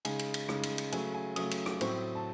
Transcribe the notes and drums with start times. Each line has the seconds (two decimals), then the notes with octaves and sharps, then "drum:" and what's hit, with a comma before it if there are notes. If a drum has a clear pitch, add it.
0.05 C#3 G#3 D#4 G#5, drum: cymbal
0.19 drum: cymbal
0.34 drum: cymbal
0.49 C#3 G#3 D#4, drum: rim click
0.63 drum: cymbal
0.78 drum: cymbal
0.92 C#3 F#3 A3 G#5, drum: cymbal
1.14 G#5
1.36 C#3 F#3 A3 D#6, drum: cymbal
1.51 drum: cymbal
1.66 drum: rim click
1.81 A2 F#3 C4 C#6, drum: cymbal
2.15 A5